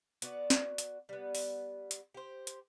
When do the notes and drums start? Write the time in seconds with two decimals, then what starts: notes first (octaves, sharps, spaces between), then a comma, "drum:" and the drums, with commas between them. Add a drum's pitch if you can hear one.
0.22 B3 F#4 D5, drum: hi-hat
0.50 drum: snare
0.78 drum: hi-hat
1.09 G3 B3
1.35 drum: open hi-hat
1.91 drum: hi-hat
2.14 G4 C5
2.47 drum: hi-hat